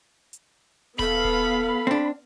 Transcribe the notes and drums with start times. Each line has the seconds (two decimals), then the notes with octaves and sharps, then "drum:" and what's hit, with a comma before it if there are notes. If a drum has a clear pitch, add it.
0.33 drum: hi-hat
0.99 B3 A4 F5 B5, drum: kick D#1
1.24 drum: kick D#1
1.87 C4 D4